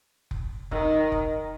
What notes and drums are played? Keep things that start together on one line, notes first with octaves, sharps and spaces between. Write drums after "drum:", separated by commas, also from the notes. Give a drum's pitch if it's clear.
drum: kick F1
D#3, drum: kick F1
drum: kick F1